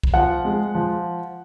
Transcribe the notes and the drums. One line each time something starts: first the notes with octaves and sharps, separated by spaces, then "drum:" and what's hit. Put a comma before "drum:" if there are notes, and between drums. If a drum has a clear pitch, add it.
drum: kick B1
F3 F#5
G#3
F3